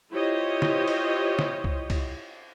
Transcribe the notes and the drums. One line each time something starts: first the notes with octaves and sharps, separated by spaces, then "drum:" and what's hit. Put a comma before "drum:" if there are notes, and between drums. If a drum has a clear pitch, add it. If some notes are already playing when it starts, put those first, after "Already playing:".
E4 F4 G4 C5 C#5 D#5
drum: snare
drum: cymbal
drum: snare
drum: kick
drum: kick, cymbal